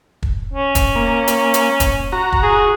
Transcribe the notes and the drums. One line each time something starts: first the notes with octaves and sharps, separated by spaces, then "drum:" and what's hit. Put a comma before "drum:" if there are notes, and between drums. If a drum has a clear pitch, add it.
drum: kick
C#4
drum: kick, hi-hat
A#3
drum: hi-hat
drum: hi-hat
drum: kick, hi-hat
F#4 A#5
drum: kick
G#4
F#4